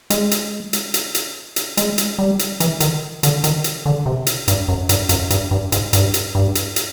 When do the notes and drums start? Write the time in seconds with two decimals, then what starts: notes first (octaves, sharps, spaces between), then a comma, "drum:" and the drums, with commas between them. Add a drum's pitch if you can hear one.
0.10 G#3, drum: hi-hat
0.31 drum: hi-hat
0.73 drum: hi-hat
0.94 drum: hi-hat
1.15 drum: hi-hat
1.56 drum: hi-hat
1.77 G#3, drum: hi-hat
1.98 drum: hi-hat
2.19 G3
2.39 drum: hi-hat
2.60 E3, drum: hi-hat
2.80 D#3, drum: hi-hat
3.23 D3, drum: hi-hat
3.44 D#3, drum: hi-hat
3.64 drum: hi-hat
3.86 D3
4.06 C3
4.27 drum: hi-hat
4.48 G2, drum: hi-hat
4.68 F#2
4.89 G2, drum: hi-hat
5.09 F#2, drum: hi-hat
5.30 G2, drum: hi-hat
5.51 G2
5.72 G#2, drum: hi-hat
5.93 G2, drum: hi-hat
6.14 drum: hi-hat
6.35 G2
6.55 drum: hi-hat
6.76 drum: hi-hat